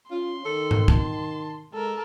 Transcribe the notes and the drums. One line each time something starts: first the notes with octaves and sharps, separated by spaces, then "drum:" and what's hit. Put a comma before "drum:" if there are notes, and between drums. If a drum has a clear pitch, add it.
C#4 F4 C6
D#3 A4
drum: tom G#2
A5, drum: kick
G#3 A4 A#4